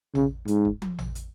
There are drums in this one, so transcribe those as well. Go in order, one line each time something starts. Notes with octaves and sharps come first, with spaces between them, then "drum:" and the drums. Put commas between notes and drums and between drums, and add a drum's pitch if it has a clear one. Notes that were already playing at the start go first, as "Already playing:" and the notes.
C#3, drum: tom A1
G#2, drum: hi-hat
drum: kick
drum: tom
drum: tom A1
drum: hi-hat